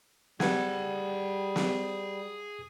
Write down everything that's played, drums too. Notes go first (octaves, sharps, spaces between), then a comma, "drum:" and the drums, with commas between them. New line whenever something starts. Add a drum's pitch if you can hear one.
G3 G#4 B4 F#5 A5 G#6, drum: snare
drum: snare